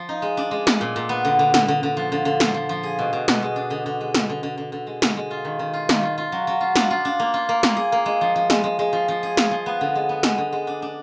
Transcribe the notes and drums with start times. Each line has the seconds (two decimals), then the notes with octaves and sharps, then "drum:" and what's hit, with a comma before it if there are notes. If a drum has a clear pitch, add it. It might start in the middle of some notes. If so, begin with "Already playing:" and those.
Already playing: F3
0.09 D#4
0.22 G#3
0.37 D4
0.51 G#3
0.67 D4, drum: snare
0.81 A#2
0.96 A#2
1.09 B3
1.25 D3
1.39 D3
1.54 D3, drum: snare
1.68 D3
1.83 D3
1.97 F3
2.12 D3
2.25 D3
2.40 F3, drum: snare
2.54 F3
2.69 F3
2.83 G#4
2.99 B2
3.13 B2
3.28 B2, drum: snare
3.43 G#3
3.56 D4
3.70 D3
3.86 D3
4.01 G#3
4.14 D3, drum: snare
4.30 D3
4.43 D3
4.58 D3
4.72 D3
4.87 G#3
5.02 D3, drum: snare
5.17 G#3
5.31 F4
5.45 D#3
5.59 D#3
5.73 F4
5.89 D#3, drum: snare
6.03 F4
6.18 F4
6.32 F#3
6.47 F#3
6.61 F4
6.76 D4, drum: snare
6.90 F4
7.05 D4
7.20 A#3
7.34 F4
7.49 A#3
7.63 A#3, drum: snare
7.77 G#4
7.92 A#3
8.06 G#3
8.21 F3
8.36 F3
8.50 G#3, drum: snare
8.64 G#3
8.79 G#3
8.93 F3
9.08 F3
9.23 G#4
9.37 G#4, drum: snare
9.51 F3
9.66 B3
9.81 D3
9.95 G#3
10.09 B3
10.23 G#3, drum: snare
10.38 D3
10.53 G#3
10.67 D4
10.82 D4